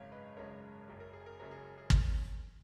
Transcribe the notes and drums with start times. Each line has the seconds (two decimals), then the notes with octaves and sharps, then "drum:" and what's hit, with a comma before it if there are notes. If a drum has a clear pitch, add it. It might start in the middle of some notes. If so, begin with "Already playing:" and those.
Already playing: G#1 F#2 C#3 G#3 C#5 F5
0.12 B4 D#5
0.37 G#1 F#2 C#3 G#3 A#4 C#5
0.87 F#1 F#2 C#3 F#3
1.00 A#4
1.13 G#4
1.26 A#4
1.39 F#1 F#2 C#3 F#3 A#4
1.51 G#4
1.78 G#4
1.90 drum: kick